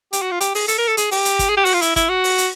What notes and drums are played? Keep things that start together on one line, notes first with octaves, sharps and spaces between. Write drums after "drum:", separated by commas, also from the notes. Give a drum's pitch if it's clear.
G4, drum: hi-hat
F#4
F4
G4, drum: hi-hat
G#4, drum: open hi-hat
A4, drum: hi-hat
A#4
A4
G#4, drum: hi-hat
G4, drum: open hi-hat
drum: hi-hat
drum: kick, hi-hat
G#4
G4
F#4, drum: open hi-hat
F4
E4, drum: hi-hat
E4, drum: kick, hi-hat
F#4
drum: open hi-hat
drum: hi-hat